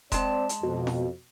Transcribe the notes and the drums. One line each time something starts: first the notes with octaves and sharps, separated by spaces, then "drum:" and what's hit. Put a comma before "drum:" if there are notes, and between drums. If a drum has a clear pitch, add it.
G#3 C4 D5 A5, drum: kick E1, hi-hat
drum: hi-hat
F2 B2
drum: snare